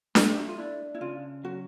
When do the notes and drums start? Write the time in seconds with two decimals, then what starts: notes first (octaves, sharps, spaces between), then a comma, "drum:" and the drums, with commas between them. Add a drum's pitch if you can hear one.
0.15 A3 D#4, drum: snare D4
0.28 G4
0.37 F#4
0.48 F4
0.58 D4 E4
0.95 E4
1.01 C#3 F4
1.44 F#3 F#4